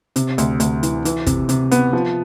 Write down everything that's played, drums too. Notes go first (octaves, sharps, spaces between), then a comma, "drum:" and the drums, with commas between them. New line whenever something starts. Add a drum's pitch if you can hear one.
C3, drum: hi-hat
D2, drum: hi-hat
D2, drum: hi-hat
E3, drum: hi-hat
E3, drum: hi-hat
C3, drum: kick, hi-hat
C3, drum: hi-hat
B3, drum: hi-hat
F3